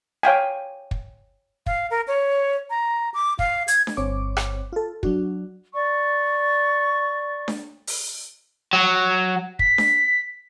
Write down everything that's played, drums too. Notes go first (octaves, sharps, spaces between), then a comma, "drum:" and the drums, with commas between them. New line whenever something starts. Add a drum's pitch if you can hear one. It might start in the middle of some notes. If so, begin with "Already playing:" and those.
C#5 F5 G5 G#5
drum: kick
F5, drum: kick
A#4
C#5
A#5
D6
F5, drum: kick
G#6, drum: hi-hat
drum: snare D4
G1 C4 C#5 D6
drum: rim click
F4 A4
F#3 D4 F#4, drum: kick
D5 C#6
drum: snare D4
drum: open hi-hat
F#3
B6, drum: kick
drum: snare D4